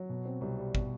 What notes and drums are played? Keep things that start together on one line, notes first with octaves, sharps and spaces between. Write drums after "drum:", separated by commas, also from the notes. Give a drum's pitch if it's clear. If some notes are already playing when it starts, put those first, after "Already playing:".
Already playing: F#3
B2
C4
C2
G3
B2, drum: kick